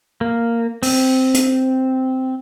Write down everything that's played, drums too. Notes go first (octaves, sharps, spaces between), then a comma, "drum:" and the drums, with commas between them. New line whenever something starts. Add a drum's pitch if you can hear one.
A#3
C4, drum: open hi-hat
drum: hi-hat